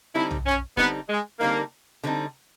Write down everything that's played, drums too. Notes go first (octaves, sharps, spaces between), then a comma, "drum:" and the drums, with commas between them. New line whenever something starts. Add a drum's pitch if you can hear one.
D3 G3 C4 D#4 E4
drum: tom B1
C#4
D3 G3 B3 C4 D#4, drum: kick
G#3
D3 G3 A#3 C4 D#4
D3 G3 C4 D#4